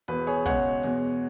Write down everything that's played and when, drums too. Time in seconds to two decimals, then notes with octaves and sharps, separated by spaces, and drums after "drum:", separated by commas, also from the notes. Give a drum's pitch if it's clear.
0.08 E1 E2 B2 B4, drum: hi-hat
0.27 G#4 C#5
0.45 C#2 B2 G#3 C#5 F#5, drum: kick, hi-hat
0.83 E2 B2 G#3, drum: hi-hat